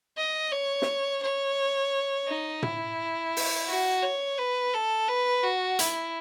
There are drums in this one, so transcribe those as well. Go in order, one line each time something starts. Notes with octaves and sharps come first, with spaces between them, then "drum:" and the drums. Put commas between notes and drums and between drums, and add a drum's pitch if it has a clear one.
D#5
C#5
drum: snare
C#5
D#4
E4, drum: tom
drum: open hi-hat
F#4
C#5
B4
A4
B4
F#4
E4, drum: hi-hat